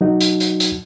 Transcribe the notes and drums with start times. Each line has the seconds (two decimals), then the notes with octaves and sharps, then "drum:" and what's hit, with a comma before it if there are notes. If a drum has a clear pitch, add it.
0.01 F#3 D#4 F#4
0.21 drum: hi-hat
0.40 drum: hi-hat
0.60 drum: hi-hat